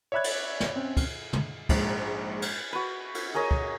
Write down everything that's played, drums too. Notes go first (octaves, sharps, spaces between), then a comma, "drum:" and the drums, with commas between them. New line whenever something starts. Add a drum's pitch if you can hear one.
C#5 D5 E5 B5 F#6 G#6
drum: cymbal
drum: snare
C4 C#4
drum: kick, cymbal
drum: tom
A#1 G#2, drum: kick, cymbal
drum: cymbal
F#4 B4
drum: cymbal
G#4 A#4 C#5 D#5
drum: kick